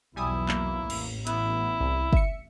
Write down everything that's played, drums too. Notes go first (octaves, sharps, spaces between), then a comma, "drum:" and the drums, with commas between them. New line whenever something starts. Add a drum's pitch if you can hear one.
B1 E2 G3 E4 G#5 D#6
A#3, drum: clap
A1, drum: cymbal
B3 E4, drum: hi-hat
C2
E5 C#7, drum: kick